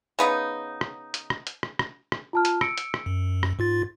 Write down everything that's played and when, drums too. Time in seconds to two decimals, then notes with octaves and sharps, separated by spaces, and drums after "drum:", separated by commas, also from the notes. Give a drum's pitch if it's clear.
0.19 C#3 B3 D#4
0.81 drum: rim click
1.14 drum: hi-hat
1.30 drum: rim click
1.47 drum: hi-hat
1.63 drum: rim click
1.79 drum: rim click
2.12 drum: rim click
2.33 F4 A5 F6
2.45 drum: hi-hat
2.61 E6 C#7 D7, drum: rim click
2.78 drum: hi-hat
2.94 drum: rim click
3.06 F#2
3.43 drum: rim click
3.59 G#2 F4 A6